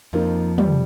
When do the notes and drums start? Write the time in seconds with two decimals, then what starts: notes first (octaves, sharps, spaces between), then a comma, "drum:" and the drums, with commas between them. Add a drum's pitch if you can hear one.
0.13 F2 F3 A#3 D#4
0.58 G3, drum: tom